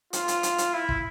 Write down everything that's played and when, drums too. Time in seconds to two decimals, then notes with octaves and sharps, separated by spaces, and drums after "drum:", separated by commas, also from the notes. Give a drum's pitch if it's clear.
0.13 F4, drum: hi-hat
0.28 drum: hi-hat
0.43 drum: hi-hat
0.58 drum: hi-hat
0.73 E4
0.89 drum: kick